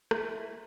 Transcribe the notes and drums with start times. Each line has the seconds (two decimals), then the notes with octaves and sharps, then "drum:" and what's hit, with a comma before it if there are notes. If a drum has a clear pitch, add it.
0.11 E4, drum: rim click